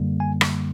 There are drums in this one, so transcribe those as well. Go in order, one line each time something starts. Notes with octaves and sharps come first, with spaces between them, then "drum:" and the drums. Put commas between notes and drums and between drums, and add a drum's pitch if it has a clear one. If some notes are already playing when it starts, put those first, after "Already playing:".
Already playing: F#2 D3 G3 A#3
G#5
drum: rim click